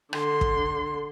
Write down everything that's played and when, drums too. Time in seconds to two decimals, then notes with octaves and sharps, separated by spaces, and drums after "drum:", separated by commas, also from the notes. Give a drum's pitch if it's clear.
0.13 D3 C6, drum: rim click
0.41 drum: kick